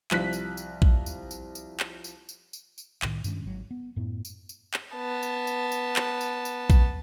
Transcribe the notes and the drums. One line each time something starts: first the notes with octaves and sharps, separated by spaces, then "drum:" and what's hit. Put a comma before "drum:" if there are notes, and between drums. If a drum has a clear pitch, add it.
C2 F3 F#6 B6, drum: clap
drum: tambourine
drum: tambourine
drum: kick A#1
drum: tambourine
drum: tambourine
drum: tambourine
drum: clap
drum: tambourine
drum: tambourine
drum: tambourine
drum: tambourine
C2 A2 D#3, drum: clap
G2 D#3 G#3 C#4, drum: tambourine
G#1 F#3
B3
F#2 A2 B3
drum: tambourine
drum: tambourine
drum: clap
B3 A5
drum: tambourine
drum: tambourine
drum: tambourine
drum: clap
drum: tambourine
drum: tambourine
drum: kick A#1, tambourine